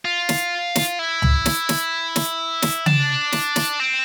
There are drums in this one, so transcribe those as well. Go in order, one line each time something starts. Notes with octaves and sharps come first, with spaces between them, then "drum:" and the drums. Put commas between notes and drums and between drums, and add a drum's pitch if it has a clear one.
F4
drum: snare
drum: snare
E4
drum: tom C#2
drum: snare
drum: snare
drum: snare
drum: snare
D4, drum: tom C#3
drum: snare
drum: snare
C4